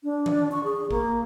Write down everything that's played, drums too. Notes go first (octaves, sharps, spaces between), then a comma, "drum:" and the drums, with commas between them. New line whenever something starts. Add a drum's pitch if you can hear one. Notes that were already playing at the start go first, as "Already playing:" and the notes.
D4
drum: tom D#3
C#6
G#4
A#3, drum: kick G#1